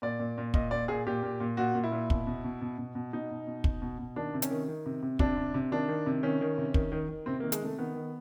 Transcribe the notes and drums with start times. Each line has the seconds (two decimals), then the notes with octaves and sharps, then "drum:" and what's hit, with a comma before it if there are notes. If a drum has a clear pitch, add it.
0.02 A#2 D5
0.20 A#2
0.38 A#2
0.54 A#2 D#5, drum: kick
0.71 A#2 D5
0.88 A#2 G#4
1.07 A#2 G4
1.23 A#2
1.40 A#2
1.57 A#2 F#4
1.75 A#2
1.84 E4
1.92 A#2
2.10 B2, drum: kick
2.27 B2
2.44 B2
2.61 B2
2.78 B2
2.95 B2
3.13 B2 D#4
3.31 B2
3.47 B2
3.64 B2, drum: kick
3.82 B2
3.99 B2
4.16 D#3 D4
4.34 C3
4.42 C#4, drum: hi-hat
4.51 D#3
4.68 D#3
4.86 C3
5.02 C3
5.19 C3 D4, drum: kick
5.37 C3
5.54 C3
5.71 D#3 D4
5.88 D#3
6.06 C3
6.23 D#3 C#4
6.41 D#3
6.58 C3
6.74 D#3, drum: kick
6.92 D#3
7.09 D#3
7.26 C3 C4
7.40 D#3 A#3
7.52 G#3, drum: hi-hat
7.62 C3 A3
7.78 D#3 B3
7.95 D#3